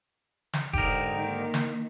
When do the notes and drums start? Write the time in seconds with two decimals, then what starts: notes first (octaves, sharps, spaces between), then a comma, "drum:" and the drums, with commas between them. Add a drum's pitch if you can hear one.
0.53 drum: snare
0.74 G#2 D3 D#4 G4 A#4, drum: kick F1
1.16 D#3 A#3
1.54 drum: snare